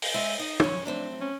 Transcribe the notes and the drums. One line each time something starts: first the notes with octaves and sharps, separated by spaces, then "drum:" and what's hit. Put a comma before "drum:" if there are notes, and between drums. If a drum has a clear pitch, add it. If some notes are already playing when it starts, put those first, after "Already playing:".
drum: open hi-hat
G#3 E5 G#5
D#4 D#5
G#3 C#4 C#5, drum: tom
F#3 A3 C4 D4
C#4